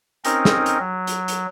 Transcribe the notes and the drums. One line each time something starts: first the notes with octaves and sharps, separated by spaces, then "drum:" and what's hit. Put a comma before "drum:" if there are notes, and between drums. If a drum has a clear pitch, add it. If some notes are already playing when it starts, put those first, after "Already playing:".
C4 C#4 D#4 A#4 D#5, drum: hi-hat
drum: snare
drum: hi-hat
F#3
drum: hi-hat
drum: hi-hat